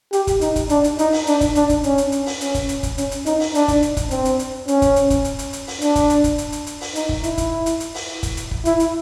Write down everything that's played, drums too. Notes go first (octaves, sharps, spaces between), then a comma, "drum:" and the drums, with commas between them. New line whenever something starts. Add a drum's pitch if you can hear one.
G4, drum: hi-hat
drum: kick, hi-hat
D#4, drum: hi-hat
drum: kick, hi-hat
D4, drum: hi-hat
drum: hi-hat
D#4, drum: hi-hat
drum: open hi-hat
D4, drum: hi-hat
drum: kick, hi-hat
D4, drum: hi-hat
drum: kick, hi-hat
C#4, drum: hi-hat
drum: hi-hat
drum: hi-hat
drum: open hi-hat
C#4, drum: hi-hat
drum: kick, hi-hat
drum: hi-hat
drum: kick, hi-hat
C#4, drum: hi-hat
drum: hi-hat
D#4, drum: hi-hat
drum: open hi-hat
D4, drum: hi-hat
drum: kick, hi-hat
drum: hi-hat
drum: kick, hi-hat
C4, drum: hi-hat
drum: hi-hat
drum: hi-hat
C#4, drum: hi-hat
drum: kick, hi-hat
drum: hi-hat
drum: kick, hi-hat
drum: hi-hat
drum: hi-hat
drum: hi-hat
drum: open hi-hat
D4, drum: hi-hat
drum: kick, hi-hat
drum: hi-hat
drum: kick, hi-hat
drum: hi-hat
drum: hi-hat
drum: hi-hat
drum: open hi-hat
D#4, drum: hi-hat
drum: kick
E4, drum: hi-hat
drum: kick, hi-hat
drum: hi-hat
drum: hi-hat
drum: open hi-hat
drum: kick, hi-hat
drum: hi-hat
drum: kick
E4, drum: hi-hat
drum: hi-hat